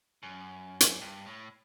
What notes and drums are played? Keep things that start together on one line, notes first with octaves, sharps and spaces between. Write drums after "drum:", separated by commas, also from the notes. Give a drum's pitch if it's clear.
F#2
drum: hi-hat
G2
A2